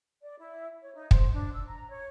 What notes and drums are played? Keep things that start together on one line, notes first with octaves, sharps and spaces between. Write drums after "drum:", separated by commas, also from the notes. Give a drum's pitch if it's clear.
D5
E4
C#5
D#4
C5, drum: kick
D4
E6
A#5
C#5